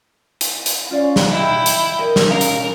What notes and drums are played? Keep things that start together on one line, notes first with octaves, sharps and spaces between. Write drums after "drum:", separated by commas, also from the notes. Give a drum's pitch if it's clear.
drum: hi-hat
drum: hi-hat
C#4 F4 D5 F5
drum: snare
E4 D#5 G5
drum: hi-hat
A#4 D#5
drum: snare
C#4 G#4 A#4 F5
drum: hi-hat